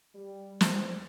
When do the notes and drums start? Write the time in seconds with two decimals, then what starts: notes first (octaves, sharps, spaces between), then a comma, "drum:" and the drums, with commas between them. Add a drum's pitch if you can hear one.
0.15 G3
0.61 E2 C5, drum: snare